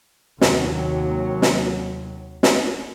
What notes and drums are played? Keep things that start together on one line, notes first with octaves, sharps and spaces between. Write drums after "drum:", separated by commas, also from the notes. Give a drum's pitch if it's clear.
D#2 C3 F#3, drum: snare
drum: snare
drum: snare